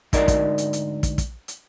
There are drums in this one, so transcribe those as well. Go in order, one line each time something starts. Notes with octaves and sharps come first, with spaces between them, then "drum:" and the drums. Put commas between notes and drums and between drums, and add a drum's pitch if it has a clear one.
D2 G#2 D#4 A#4 D5, drum: kick, hi-hat
drum: kick, hi-hat
drum: hi-hat
drum: hi-hat
drum: kick, hi-hat
drum: kick, hi-hat
drum: hi-hat